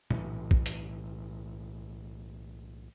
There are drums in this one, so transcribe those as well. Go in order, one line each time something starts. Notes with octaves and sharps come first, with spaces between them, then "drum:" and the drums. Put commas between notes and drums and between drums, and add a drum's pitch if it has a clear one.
B1 A2 E3, drum: tom
drum: kick
drum: hi-hat